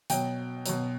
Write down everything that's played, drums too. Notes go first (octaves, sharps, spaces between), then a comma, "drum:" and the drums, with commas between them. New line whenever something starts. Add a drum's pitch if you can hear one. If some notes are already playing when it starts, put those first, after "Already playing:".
B2 F#3 G5, drum: hi-hat
B2 F#3, drum: hi-hat